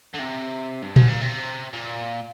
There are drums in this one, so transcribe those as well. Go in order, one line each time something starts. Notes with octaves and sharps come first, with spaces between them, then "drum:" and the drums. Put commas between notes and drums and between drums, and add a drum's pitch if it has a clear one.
D3
C3
G2
G#2, drum: tom A#2
A#2
C3
A#2